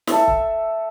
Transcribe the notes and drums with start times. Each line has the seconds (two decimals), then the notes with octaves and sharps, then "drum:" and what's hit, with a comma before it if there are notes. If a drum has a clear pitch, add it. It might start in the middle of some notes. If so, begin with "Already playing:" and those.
0.07 A4 E5, drum: snare
0.27 drum: kick C#1